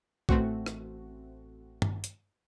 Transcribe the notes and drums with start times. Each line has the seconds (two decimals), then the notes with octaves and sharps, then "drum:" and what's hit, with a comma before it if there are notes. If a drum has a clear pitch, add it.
0.29 A1 A3 C4 F#4, drum: kick B1
0.66 drum: rim click
1.82 drum: tom G2
2.04 drum: hi-hat